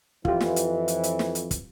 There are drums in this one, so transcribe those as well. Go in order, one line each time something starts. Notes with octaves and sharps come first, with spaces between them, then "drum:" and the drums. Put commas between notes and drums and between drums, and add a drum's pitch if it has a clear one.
F2 E3 F4 G4, drum: kick
drum: snare
drum: hi-hat
drum: hi-hat
drum: hi-hat
drum: snare
drum: hi-hat
drum: kick, hi-hat